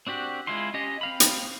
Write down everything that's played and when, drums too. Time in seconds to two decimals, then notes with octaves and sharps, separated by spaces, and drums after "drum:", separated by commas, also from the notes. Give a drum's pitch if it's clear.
0.07 C4 D4 F#4 G4
0.47 G#3 E4 F4 C6
0.74 C#4 G4 D#5
1.01 C4 F5 B5
1.20 drum: hi-hat